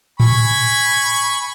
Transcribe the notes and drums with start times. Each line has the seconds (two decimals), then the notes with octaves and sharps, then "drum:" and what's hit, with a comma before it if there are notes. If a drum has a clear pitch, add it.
0.20 G#5 B5 C#6, drum: tom A2